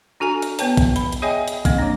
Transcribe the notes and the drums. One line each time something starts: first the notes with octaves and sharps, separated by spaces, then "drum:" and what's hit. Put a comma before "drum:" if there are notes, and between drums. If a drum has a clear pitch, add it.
D4 F#4 A4 G#5 A#5
drum: hi-hat
B3 B4 C#5 G5 A5, drum: hi-hat
drum: kick, hi-hat
B5, drum: hi-hat
drum: hi-hat
G#4 C#5 D#5 E5 G5 G#5
drum: hi-hat
A#3 C4 D#5, drum: kick, hi-hat
F3 D4